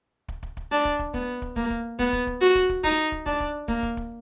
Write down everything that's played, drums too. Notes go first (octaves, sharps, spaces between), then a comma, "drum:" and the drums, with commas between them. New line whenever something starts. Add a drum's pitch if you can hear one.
drum: kick
drum: kick
drum: kick
D4
drum: kick
drum: kick
B3, drum: kick
drum: kick
A#3, drum: kick
drum: kick
B3, drum: kick
drum: kick
drum: kick
F#4
drum: kick
drum: kick
D#4, drum: kick
drum: kick
D4, drum: kick
drum: kick
A#3, drum: kick
drum: kick
drum: kick